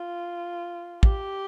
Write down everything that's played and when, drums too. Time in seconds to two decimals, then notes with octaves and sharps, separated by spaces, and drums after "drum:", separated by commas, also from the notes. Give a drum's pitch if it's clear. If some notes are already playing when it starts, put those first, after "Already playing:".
Already playing: F4
1.03 G4, drum: kick